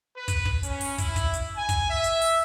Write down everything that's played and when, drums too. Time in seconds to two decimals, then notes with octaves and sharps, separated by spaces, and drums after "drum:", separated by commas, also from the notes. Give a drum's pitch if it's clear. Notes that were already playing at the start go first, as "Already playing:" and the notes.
0.17 B4
0.28 drum: kick, hi-hat
0.45 drum: kick
0.63 C#4, drum: hi-hat
0.81 drum: open hi-hat
0.98 E4, drum: kick, hi-hat
1.16 drum: kick, hi-hat
1.33 drum: hi-hat
1.57 G#5
1.69 drum: kick, hi-hat
1.90 E5
2.04 drum: hi-hat
2.22 drum: open hi-hat